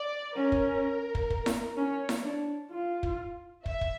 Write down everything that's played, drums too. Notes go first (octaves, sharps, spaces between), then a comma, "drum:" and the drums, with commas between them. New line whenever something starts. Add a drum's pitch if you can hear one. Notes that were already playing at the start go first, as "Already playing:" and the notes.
Already playing: D5
C#4 A#4
drum: kick
drum: kick
drum: kick
drum: snare E4
C#4 C#5
drum: snare E4
D4
F4
drum: kick
E5, drum: kick
drum: kick